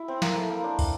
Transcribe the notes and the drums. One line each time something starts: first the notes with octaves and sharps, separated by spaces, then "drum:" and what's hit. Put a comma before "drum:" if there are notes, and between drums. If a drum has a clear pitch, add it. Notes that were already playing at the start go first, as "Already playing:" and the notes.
Already playing: E4
C4
A#3, drum: snare
A3
A#3
D4
drum: kick, open hi-hat